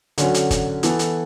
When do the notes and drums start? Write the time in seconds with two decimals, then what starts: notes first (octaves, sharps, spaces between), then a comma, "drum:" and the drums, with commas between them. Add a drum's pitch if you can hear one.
0.18 D3 F#3 C#4 F#4, drum: hi-hat
0.34 drum: hi-hat
0.51 drum: kick G1, hi-hat
0.83 E3 B3 E4 A4, drum: hi-hat
0.99 drum: hi-hat